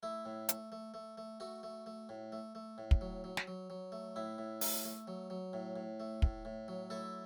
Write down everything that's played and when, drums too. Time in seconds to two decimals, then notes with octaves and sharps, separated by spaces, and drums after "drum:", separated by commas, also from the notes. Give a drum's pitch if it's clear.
0.03 A3 E4
0.25 A2
0.49 A3, drum: hi-hat
0.72 A3
0.94 A3
1.18 A3
1.40 A3 F#4
1.63 A3
1.86 A3
2.09 A2
2.32 A3
2.55 A3
2.78 A2
2.91 drum: kick
3.01 F#3
3.24 F#3
3.37 drum: snare
3.47 F#3
3.70 F#3
3.92 A3
4.16 A2 E4
4.38 A2
4.61 A3, drum: open hi-hat
4.85 A3
5.07 F#3
5.30 F#3
5.53 A2
5.76 A2
6.00 A3
6.22 A2, drum: kick
6.45 A2
6.68 F#3
6.90 A3 E4 A4